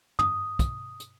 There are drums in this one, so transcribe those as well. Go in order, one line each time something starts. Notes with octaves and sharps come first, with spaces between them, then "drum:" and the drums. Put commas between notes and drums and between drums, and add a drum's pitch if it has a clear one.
D#6, drum: tom
drum: kick, hi-hat
drum: hi-hat